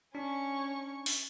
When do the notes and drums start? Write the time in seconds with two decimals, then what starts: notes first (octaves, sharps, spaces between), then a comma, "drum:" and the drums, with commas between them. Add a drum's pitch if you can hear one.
0.15 C#4 D4 C#6
1.06 drum: open hi-hat